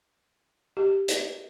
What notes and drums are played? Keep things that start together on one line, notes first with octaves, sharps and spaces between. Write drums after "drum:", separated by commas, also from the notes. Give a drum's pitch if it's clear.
G4
drum: hi-hat